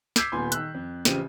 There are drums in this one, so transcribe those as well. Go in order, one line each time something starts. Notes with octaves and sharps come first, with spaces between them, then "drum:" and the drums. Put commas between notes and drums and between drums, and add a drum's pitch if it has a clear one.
D6 E6 G6 G#6 B6 C7, drum: snare
D#1 A#2 B3 G#5 B5 C6
D#3 E6 F#6, drum: hi-hat
F2
A1 C#3 F3 C4 G4 D#7, drum: snare